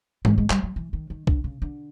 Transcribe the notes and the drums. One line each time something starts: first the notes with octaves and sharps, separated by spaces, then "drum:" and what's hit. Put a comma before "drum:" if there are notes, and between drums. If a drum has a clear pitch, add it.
G#3, drum: tom G#2
G#3
G3, drum: clap
F#3
E3
D#3
D#3
D3, drum: kick C2
C#3
D3